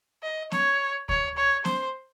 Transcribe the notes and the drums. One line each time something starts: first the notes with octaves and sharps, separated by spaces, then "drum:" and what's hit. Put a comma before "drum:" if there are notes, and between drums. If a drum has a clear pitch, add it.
D#5
C#5, drum: snare B3
C#5, drum: kick D2
C#5
C5, drum: snare B3